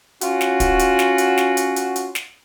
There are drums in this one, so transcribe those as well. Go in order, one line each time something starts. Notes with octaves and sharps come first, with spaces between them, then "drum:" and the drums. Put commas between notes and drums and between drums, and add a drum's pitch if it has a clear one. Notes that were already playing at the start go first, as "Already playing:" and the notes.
C#4 F4 F#4, drum: hi-hat
drum: snare
drum: kick, hi-hat
drum: hi-hat
drum: snare
drum: hi-hat
drum: snare
drum: hi-hat
drum: hi-hat
drum: hi-hat
drum: snare